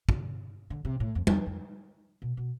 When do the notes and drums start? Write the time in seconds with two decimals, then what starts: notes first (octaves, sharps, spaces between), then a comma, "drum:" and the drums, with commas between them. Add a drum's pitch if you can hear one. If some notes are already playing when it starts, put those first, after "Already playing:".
0.09 C3, drum: kick
0.70 D3
0.85 C3
1.00 A2
1.15 F2
1.27 F2, drum: tom G3
1.30 E2
1.46 F2
2.22 B2
2.37 B2